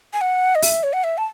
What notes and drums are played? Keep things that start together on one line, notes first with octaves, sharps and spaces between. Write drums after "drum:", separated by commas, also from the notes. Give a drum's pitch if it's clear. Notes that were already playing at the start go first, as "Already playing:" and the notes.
G#5
F#5
D#5
E5, drum: open hi-hat
C#5
F#5
E5
A5